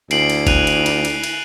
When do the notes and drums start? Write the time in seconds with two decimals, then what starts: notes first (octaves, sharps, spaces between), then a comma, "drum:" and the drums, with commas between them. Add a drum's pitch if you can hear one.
0.11 D2 E4 C7 D7 F#7, drum: cymbal
0.30 drum: cymbal
0.47 F#6 D#7 F7, drum: kick, cymbal
0.67 drum: cymbal
0.86 drum: cymbal
1.05 drum: cymbal
1.24 drum: cymbal